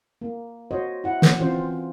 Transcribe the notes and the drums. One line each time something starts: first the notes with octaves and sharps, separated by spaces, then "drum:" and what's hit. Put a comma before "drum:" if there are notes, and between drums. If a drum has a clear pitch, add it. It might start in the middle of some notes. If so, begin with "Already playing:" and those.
A#3
F#4 C5 C#5 D#5
E4 F#5
drum: snare
E3 C4 C#4 F4 C5